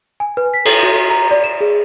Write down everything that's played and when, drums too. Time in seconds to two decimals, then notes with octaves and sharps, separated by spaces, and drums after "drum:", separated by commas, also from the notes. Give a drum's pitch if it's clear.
0.20 G#5
0.37 B4
0.54 B6
0.65 A4, drum: cymbal
0.83 F#4
1.10 A#5
1.31 D5
1.44 E7
1.61 G#4